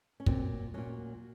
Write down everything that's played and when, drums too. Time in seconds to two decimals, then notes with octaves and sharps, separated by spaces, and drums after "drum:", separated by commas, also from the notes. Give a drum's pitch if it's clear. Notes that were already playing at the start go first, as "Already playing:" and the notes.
0.20 C#4
0.26 A#2 F#3 C4, drum: kick
0.74 A#2 F#3 C#4